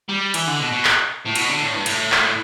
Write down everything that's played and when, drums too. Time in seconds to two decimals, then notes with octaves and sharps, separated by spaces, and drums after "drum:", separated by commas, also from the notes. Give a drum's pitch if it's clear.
0.09 G3
0.34 E3, drum: cymbal
0.47 D3
0.60 B2
0.72 B2
0.85 drum: clap
1.25 A2
1.35 B2, drum: cymbal
1.48 D3
1.61 A2
1.74 G2
1.86 A2, drum: cymbal
2.12 drum: clap